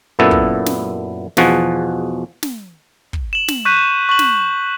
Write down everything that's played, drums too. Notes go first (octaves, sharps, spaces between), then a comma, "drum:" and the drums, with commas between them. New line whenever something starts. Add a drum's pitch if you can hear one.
F#2 A#2 B3 E4 A4
drum: kick
drum: snare
E2 B2 F3 F#4 G#4, drum: snare
drum: snare
drum: kick
E7 F#7
drum: snare
C#6 F#6 G6 B6 D#7
C#6 F#7
drum: snare